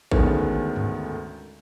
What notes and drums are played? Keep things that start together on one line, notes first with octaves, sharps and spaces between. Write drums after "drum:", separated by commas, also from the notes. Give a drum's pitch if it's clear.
D2 D3 D#3 G#3 B3 C#4, drum: kick A1
drum: tom G2